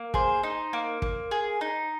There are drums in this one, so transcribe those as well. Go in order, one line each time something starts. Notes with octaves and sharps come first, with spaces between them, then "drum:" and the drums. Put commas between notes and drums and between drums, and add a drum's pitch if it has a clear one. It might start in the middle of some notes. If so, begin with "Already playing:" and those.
Already playing: A#3
G#4 C5, drum: kick
D#4
A#3
A#3, drum: kick
G#4
D#4